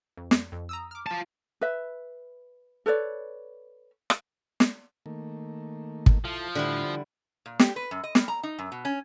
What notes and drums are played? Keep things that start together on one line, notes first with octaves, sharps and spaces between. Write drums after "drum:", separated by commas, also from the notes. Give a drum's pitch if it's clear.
F2
drum: snare
F2
A#5 D#6 E6
D6 F6
F4 A5
B4 E5
A4 B4 C#5 D5
drum: rim click
drum: snare
D#3 A3 A#3
drum: kick
F3 E4 A4
A2 D3 G3 D4 E4
A#2
G4, drum: snare
B4
F#2
D#5
G3, drum: snare
A#5
D#4
F#2
B2
C#4